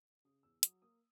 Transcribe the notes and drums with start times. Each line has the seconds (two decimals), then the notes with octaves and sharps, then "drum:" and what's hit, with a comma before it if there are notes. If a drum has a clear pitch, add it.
0.25 C#3 D#6
0.43 E2 E6
0.63 F#3 D#6, drum: hi-hat
0.82 A#3 D#6